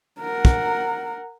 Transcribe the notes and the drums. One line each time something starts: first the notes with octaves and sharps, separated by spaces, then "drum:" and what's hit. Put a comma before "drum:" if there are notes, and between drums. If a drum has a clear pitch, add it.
A#4 F#5
drum: kick